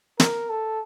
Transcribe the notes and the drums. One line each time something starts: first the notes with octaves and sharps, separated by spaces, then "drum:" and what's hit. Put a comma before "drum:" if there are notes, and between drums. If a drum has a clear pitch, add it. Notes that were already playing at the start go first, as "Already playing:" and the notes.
A#4, drum: snare
A4